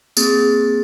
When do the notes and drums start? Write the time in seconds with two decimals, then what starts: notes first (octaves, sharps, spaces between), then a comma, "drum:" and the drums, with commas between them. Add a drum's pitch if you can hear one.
0.17 A#3 C4 G#4 A6, drum: tambourine